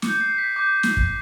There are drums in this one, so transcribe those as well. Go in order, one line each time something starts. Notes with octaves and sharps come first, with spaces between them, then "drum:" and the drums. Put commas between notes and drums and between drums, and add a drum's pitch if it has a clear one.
D6 G6 C#7, drum: snare
C7
B6
D6 G6
drum: snare
drum: kick